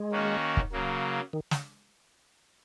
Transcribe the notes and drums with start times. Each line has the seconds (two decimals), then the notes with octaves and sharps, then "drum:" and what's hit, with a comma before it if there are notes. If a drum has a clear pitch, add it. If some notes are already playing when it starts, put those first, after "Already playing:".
Already playing: G#3
0.12 D#3 A#3 C#4 F#4
0.57 drum: kick
0.72 C#3 F#3 A#3
1.33 D#3
1.51 drum: snare